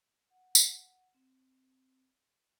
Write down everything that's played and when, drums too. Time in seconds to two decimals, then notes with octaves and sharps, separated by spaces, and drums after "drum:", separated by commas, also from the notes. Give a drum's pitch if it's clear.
0.30 F#5
0.55 drum: tambourine
1.14 C4